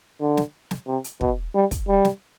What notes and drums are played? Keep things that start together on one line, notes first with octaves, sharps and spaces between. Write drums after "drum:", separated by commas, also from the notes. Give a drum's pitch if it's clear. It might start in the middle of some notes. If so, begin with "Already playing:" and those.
D3
drum: snare
drum: snare
C3
drum: hi-hat
B2, drum: kick
G3
drum: kick, hi-hat
G3
drum: snare